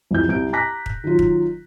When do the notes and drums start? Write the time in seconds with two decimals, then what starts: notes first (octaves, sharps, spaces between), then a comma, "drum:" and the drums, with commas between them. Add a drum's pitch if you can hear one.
0.11 C2 F2 E3 G6
0.29 C2 G6 D7
0.53 A5 A#5 D6 F#6 A#6 B6
0.86 drum: kick
1.04 D#3 F#3 F4
1.19 drum: kick